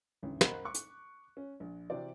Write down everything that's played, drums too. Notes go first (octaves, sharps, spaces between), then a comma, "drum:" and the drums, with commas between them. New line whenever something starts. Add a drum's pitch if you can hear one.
D#1 A1 D2
A#4 C5 D#5 F#5 B5 F#6, drum: snare
C#6 D6 F#6
drum: hi-hat
C#4
A#1
C3 E3 F#4 C5 D5